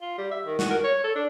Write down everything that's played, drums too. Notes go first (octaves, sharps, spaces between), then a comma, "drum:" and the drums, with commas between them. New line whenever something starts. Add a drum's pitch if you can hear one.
F4
G3
E5
D#3
F#4, drum: snare
A#4
C#5
A4
D4